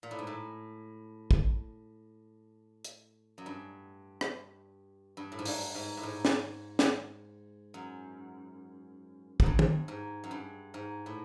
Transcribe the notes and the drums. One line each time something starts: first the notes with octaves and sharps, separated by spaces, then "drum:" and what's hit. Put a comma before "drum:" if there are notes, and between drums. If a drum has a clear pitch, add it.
A#2
A2
G#2
A2
drum: kick
drum: hi-hat
F#2
G2
drum: rim click
G2
A2
G#2
G2, drum: open hi-hat
G#2
A2
G#2
drum: snare
drum: snare
F#2
F#2, drum: kick
G2
drum: tom
G#2
F#2
G2
G#2
A2